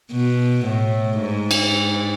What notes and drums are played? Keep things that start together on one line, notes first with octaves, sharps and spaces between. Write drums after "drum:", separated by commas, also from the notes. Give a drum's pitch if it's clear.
B2
A2
G#2
drum: cymbal